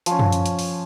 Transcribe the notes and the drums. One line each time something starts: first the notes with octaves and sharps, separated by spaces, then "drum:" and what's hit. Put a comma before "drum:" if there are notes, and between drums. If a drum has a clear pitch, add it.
F3 C#4, drum: hi-hat
drum: tom F#2
drum: hi-hat
drum: hi-hat
drum: open hi-hat